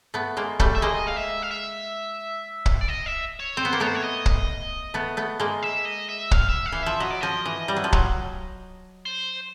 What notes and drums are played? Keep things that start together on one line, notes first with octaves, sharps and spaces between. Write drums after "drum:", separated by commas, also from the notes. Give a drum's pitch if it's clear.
A3 B3
G#3 A#3
G3 A3, drum: kick
E5
G#3 A#3 D#5
F5
E5
F5
E5
drum: kick
D5
D#5
E5
C#5
C4 C5
B3
A#3
A3 B3 C#5
C5
C#5
D#5
drum: kick
A3 B3
A3 B3
G#3 A#3
E5
D#5
E5
F5, drum: kick
E5
F5
E3
F3 E5
F#3 D#5
D5
F3 D#5
E3
G3
F#3
F3
F#3, drum: kick
C5